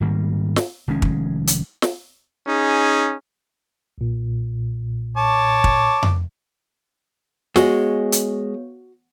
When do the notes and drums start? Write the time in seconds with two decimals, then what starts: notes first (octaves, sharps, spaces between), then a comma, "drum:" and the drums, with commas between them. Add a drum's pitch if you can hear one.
0.01 G#2 D#3 G3 A#3
0.56 drum: snare
0.88 F1 D#3 G#3 C#4
1.02 drum: kick
1.47 drum: hi-hat
1.82 drum: snare
2.47 C#4 D#4 G#4
3.98 B1 A#2
5.17 C#5 A5 D6
5.64 drum: kick
6.03 drum: tom F2
7.56 G#3 B3 F#4 C#5, drum: snare
8.12 drum: hi-hat